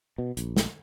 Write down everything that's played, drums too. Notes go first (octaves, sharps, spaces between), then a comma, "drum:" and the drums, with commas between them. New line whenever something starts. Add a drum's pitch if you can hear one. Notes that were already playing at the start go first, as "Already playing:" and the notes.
B2
A#1, drum: hi-hat
drum: snare